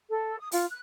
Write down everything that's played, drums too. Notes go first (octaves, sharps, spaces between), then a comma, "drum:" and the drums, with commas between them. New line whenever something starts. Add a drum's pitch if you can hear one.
A4
D#6
F4, drum: open hi-hat
F#6